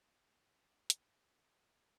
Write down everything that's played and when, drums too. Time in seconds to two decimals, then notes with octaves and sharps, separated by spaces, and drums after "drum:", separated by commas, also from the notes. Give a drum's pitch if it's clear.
0.16 F#1 E2 D#3 E3 F#3 G#3
0.90 drum: hi-hat